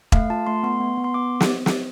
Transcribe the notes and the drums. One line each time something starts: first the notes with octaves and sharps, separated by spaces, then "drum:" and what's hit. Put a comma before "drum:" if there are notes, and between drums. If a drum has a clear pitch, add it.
A3 F5, drum: kick E1
F4 A5
A3 C6
B3 C6
B3
B3
C6
B3 D6
drum: snare
drum: snare